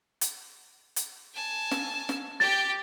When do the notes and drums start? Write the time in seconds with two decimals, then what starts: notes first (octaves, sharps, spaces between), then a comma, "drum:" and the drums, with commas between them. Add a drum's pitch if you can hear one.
0.21 drum: hi-hat
0.96 drum: hi-hat
1.34 G#5 A5
1.71 drum: snare
2.09 drum: snare
2.40 G4 G5 A6